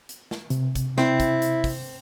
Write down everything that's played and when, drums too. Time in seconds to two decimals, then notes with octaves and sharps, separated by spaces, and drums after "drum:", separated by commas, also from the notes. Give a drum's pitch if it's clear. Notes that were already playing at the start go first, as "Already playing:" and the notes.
0.09 drum: hi-hat
0.31 drum: snare
0.50 C3, drum: hi-hat
0.75 drum: kick, hi-hat
0.98 C4 E4, drum: snare
1.20 drum: kick, hi-hat
1.42 drum: hi-hat
1.64 drum: kick, open hi-hat